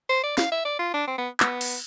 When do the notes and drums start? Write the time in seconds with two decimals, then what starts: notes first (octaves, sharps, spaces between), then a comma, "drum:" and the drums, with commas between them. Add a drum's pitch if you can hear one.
0.09 C5
0.23 D5
0.38 F5, drum: snare
0.51 E5
0.65 D5
0.79 F4
0.94 D4
1.07 C4
1.18 B3
1.40 B3, drum: clap
1.61 drum: cymbal